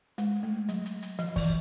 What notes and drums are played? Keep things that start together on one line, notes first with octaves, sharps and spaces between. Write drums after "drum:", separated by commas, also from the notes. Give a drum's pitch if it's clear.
G#3, drum: hi-hat
A3
F#3, drum: hi-hat
drum: hi-hat
drum: hi-hat
F3, drum: hi-hat
E3, drum: kick, open hi-hat